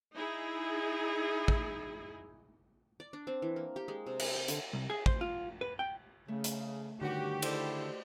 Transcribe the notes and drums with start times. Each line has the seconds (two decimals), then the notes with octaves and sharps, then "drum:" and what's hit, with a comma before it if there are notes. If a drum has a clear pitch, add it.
0.14 D#4 E4 G#4
1.48 drum: kick
3.00 D5
3.13 D4
3.27 C4
3.42 E3
3.56 A#3
3.76 G4
3.88 G#3
4.06 C3
4.19 G5, drum: cymbal
4.35 G5
4.48 D3, drum: hi-hat
4.73 C2
4.90 G#4
5.06 C5, drum: kick
5.21 F4
5.61 B4
5.79 G5
6.28 C#3 A3
6.44 drum: hi-hat
7.01 G2 D3 D#3 C#4 F#4 G4
7.42 E4 A4 C5 D5, drum: cymbal